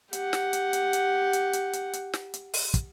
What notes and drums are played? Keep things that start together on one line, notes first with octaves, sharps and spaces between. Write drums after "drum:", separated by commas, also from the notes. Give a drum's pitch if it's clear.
G4 F#5, drum: hi-hat
drum: snare
drum: hi-hat
drum: hi-hat
drum: hi-hat
drum: hi-hat
drum: hi-hat
drum: hi-hat
drum: hi-hat
drum: snare
drum: hi-hat
drum: open hi-hat
drum: kick, hi-hat